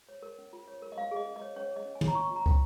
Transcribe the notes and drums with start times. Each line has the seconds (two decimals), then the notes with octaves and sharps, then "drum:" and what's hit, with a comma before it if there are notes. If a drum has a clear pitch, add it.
0.09 C#5
0.22 A#4
0.38 C#4
0.53 F4
0.68 C#5
0.82 A#4
0.92 D#5
0.98 C#4 F5
1.11 G#4 D#5
1.27 C#4
1.36 D#5
1.41 C#5
1.56 C#4 C#5
1.71 G#4
1.76 D#5
1.86 C#4
1.95 G#5
2.01 C#5, drum: tom
2.08 A#5
2.15 C#4 C#6
2.31 F4
2.36 A#5
2.46 C#4, drum: kick